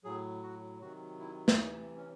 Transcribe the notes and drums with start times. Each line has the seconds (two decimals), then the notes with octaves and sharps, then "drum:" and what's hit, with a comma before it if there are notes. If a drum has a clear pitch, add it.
0.04 A2 F#3 G#4
0.43 F#4
0.81 C3 D#3 F#3 F#4
1.20 E4
1.48 drum: snare
1.58 C3 E3 D#4
1.97 C#4